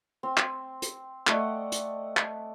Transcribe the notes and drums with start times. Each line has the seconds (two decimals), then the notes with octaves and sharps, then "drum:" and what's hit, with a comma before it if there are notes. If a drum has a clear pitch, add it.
0.23 C4
0.37 drum: clap
0.82 drum: hi-hat
1.27 A3 D5 D#5 F#5, drum: clap
1.72 drum: hi-hat
2.17 drum: clap